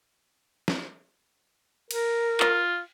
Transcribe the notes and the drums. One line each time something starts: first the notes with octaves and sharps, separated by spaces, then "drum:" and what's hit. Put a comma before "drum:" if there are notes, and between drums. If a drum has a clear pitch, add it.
drum: snare
A#4, drum: cymbal
F4, drum: clap